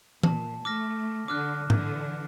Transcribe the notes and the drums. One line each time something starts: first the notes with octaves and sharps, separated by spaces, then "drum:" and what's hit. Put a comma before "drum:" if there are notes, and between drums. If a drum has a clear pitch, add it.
A#2 A5, drum: tom E3
A3 D6 F6 A#6
D3 D6 F6 F#6
D3 E3, drum: tom G#2